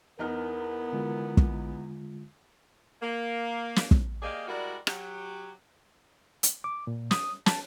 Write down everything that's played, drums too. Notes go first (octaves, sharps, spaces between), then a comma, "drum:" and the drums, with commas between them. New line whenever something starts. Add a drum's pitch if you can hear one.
E2 B3 D#4 E4 A#4 F6
D3 G#3 F4
drum: kick
A#3
drum: snare
drum: kick
A#3 G4 G#4 D5 D#5 F5
G3 G#3 E4 F#4 A#4 D5
F#3 G4, drum: rim click
drum: hi-hat
D6
A#2
D#6, drum: snare
A5, drum: snare